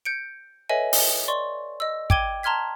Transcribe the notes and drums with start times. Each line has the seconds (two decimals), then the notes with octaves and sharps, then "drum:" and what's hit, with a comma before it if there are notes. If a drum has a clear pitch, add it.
0.05 G6 C#7 D7
0.69 A4 B4 C#5 D#5 E5 G#5
0.93 drum: open hi-hat
1.28 D5 C6 C#6
1.80 D#5 E6
2.10 G5 D6 G#6 D#7 G7, drum: kick
2.43 A5 A#5 C6 F6 G#6 B6